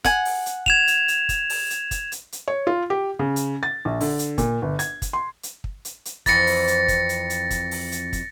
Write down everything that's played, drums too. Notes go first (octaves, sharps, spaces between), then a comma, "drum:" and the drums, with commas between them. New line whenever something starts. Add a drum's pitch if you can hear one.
F#5 G#5, drum: kick, hi-hat
drum: open hi-hat
drum: hi-hat
G#6 E7 F7, drum: kick
drum: hi-hat
drum: hi-hat
drum: kick, hi-hat
drum: open hi-hat
drum: hi-hat
drum: kick, hi-hat
drum: hi-hat
drum: hi-hat
C#5
F4
G4
C#3
drum: hi-hat
A6
A#1
D3, drum: open hi-hat
drum: hi-hat
A#2, drum: kick, hi-hat
G1
G#6, drum: hi-hat
drum: kick, hi-hat
C6
drum: hi-hat
drum: kick
drum: hi-hat
drum: hi-hat
F2 E3 A6 A#6 C#7, drum: kick, hi-hat
drum: open hi-hat
drum: hi-hat
drum: kick, hi-hat
drum: hi-hat
drum: hi-hat
drum: kick, hi-hat
drum: open hi-hat
drum: hi-hat
drum: kick, hi-hat